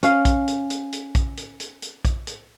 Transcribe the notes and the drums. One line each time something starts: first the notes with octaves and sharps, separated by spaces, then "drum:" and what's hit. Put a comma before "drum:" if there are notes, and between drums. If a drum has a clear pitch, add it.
C#4 F5, drum: hi-hat
drum: kick A#1, hi-hat
drum: hi-hat
drum: hi-hat
drum: hi-hat
drum: kick A#1, hi-hat
drum: hi-hat
drum: hi-hat
drum: hi-hat
drum: kick A#1, hi-hat
drum: hi-hat